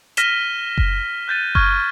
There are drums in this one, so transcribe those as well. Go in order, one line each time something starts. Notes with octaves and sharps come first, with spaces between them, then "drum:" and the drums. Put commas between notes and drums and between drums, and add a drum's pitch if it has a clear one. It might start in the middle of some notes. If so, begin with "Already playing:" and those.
F6 A#6 B6 D#7 E7 G7, drum: hi-hat
drum: kick F#1
F#6 G6 A6 D#7
C#6 F6 G#6, drum: kick F#1